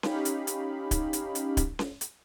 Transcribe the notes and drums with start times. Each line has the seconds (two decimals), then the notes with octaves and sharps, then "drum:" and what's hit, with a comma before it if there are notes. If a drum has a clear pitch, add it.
0.03 C#4 D#4 G4 F5 B5, drum: snare C#4
0.25 drum: hi-hat
0.47 drum: hi-hat
0.91 drum: kick D1, hi-hat
1.13 drum: hi-hat
1.35 drum: hi-hat
1.57 drum: kick D1, hi-hat
1.79 drum: snare C#4
2.01 drum: hi-hat